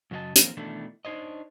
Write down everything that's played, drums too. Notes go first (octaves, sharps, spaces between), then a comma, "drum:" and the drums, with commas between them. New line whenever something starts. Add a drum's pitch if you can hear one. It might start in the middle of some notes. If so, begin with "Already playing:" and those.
F#2 C#3 F#3 F4 D#5 A5
E3 F3 A#3 C4 F4, drum: hi-hat
B2 D#3 E3 A3 D4 E4
D4 D#4 C5 C#5 D#5